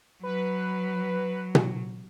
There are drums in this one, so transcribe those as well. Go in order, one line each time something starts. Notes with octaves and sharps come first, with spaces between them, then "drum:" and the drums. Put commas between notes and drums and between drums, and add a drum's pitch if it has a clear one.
F#3 B4
drum: tom B2